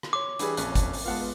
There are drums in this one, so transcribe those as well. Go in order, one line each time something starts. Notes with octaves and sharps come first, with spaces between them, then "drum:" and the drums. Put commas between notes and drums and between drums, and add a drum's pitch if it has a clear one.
drum: rim click
C#5 C6 D6
E3 G3 D4 G#4 B4, drum: hi-hat
A#1 F2 C#4 A5 F#6, drum: hi-hat
drum: kick F#1, hi-hat
drum: open hi-hat
G#3 B3 F4 F5 F#5 A5